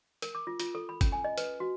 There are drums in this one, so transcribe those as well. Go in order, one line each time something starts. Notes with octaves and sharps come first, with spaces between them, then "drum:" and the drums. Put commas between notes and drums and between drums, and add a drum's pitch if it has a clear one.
A#4, drum: hi-hat
D6
F4
F4, drum: hi-hat
A4
B5
C#4, drum: kick G1, hi-hat
G#5
D#5
B4, drum: hi-hat
F#4